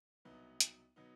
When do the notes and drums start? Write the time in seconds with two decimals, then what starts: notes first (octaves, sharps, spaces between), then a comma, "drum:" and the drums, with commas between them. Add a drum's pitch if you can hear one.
0.25 C2 B2 F#3 B3 D#4
0.60 drum: hi-hat
0.96 B2 F#3 B3 D#4